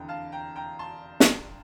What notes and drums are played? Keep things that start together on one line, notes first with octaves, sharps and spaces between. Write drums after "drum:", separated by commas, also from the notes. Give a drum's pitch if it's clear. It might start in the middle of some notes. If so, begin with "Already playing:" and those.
Already playing: F1 E2 D3 G5 A#5
F5 A5
G5 A#5
G5 A#5
A5 C6
drum: snare